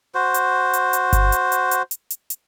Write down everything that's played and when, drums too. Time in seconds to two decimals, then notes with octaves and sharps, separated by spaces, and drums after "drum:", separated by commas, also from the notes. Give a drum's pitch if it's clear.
0.15 F#4 C5
0.34 drum: hi-hat
0.73 drum: hi-hat
0.93 drum: hi-hat
1.13 drum: kick G1, hi-hat
1.32 drum: hi-hat
1.52 drum: hi-hat
1.71 drum: hi-hat
1.91 drum: hi-hat
2.10 drum: hi-hat
2.30 drum: hi-hat